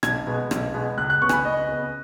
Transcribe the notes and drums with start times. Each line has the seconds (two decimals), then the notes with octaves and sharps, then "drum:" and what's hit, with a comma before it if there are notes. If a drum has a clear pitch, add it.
0.03 B1 G#6, drum: rim click
0.27 B2 G#3 B3
0.51 B1, drum: rim click
0.74 B2 G#3 B3
0.98 C#2 F#6
1.10 F#6
1.22 C#3 B3 C#6
1.29 G#5, drum: rim click
1.33 B5
1.45 C#2 D#5
1.69 C#3 B3